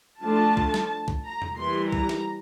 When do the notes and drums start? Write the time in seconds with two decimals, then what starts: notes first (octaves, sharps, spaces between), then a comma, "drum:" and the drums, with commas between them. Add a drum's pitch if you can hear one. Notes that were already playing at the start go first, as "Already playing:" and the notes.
0.23 F3 A3 D4 F4 A5
0.57 drum: kick
0.74 drum: snare
1.08 drum: kick
1.24 A#5
1.42 drum: tom E2
1.59 E3 G3 A#3 C6
1.92 A#5, drum: kick
2.09 drum: snare